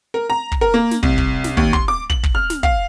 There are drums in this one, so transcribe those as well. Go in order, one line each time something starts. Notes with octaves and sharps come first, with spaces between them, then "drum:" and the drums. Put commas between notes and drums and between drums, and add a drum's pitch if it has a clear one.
A#4
A#5
drum: kick
A#4
A#3
drum: snare
C2, drum: kick
drum: kick
drum: snare
D#2, drum: kick
C6, drum: kick
D6
F#7, drum: kick
drum: kick
F6
drum: snare
F5, drum: kick